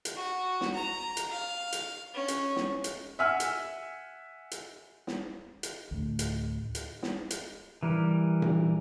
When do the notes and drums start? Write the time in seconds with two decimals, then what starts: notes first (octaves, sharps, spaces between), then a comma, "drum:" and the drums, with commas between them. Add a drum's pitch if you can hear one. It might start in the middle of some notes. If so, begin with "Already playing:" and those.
0.05 drum: hi-hat
0.16 F#4
0.61 drum: snare
0.75 A#5
1.17 drum: hi-hat
1.31 F5
1.72 drum: hi-hat
2.14 C#4
2.28 drum: hi-hat
2.56 drum: snare
2.84 drum: hi-hat
3.19 E5 F#5 G#5 E6 F6
3.40 drum: hi-hat
4.51 drum: hi-hat
5.07 drum: snare
5.63 drum: hi-hat
5.91 D2 A2
6.19 drum: hi-hat
6.75 drum: hi-hat
7.03 drum: snare
7.30 drum: hi-hat
7.83 E3 G3 A#4
8.42 drum: tom A#2